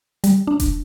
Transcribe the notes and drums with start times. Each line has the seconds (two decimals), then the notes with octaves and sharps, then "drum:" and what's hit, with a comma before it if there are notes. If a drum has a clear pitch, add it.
0.24 G3, drum: hi-hat
0.47 D4
0.60 drum: kick E1, hi-hat